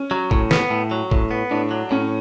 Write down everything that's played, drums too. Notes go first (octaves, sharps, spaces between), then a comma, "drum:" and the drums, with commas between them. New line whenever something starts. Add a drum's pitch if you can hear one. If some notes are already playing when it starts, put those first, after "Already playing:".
Already playing: C#4
F#3
A2, drum: kick
B3, drum: snare
A2
F#3
A2, drum: kick
B3
A2 D4
F#3
A2 C#4